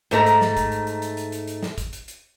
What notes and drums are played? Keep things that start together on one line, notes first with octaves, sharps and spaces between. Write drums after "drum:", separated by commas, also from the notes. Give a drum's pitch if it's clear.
G#2 A3 A#5, drum: hi-hat
drum: hi-hat
drum: snare
drum: kick, hi-hat
drum: hi-hat
drum: hi-hat
drum: hi-hat
drum: hi-hat
drum: hi-hat
drum: hi-hat
drum: snare
drum: kick, hi-hat
drum: hi-hat
drum: hi-hat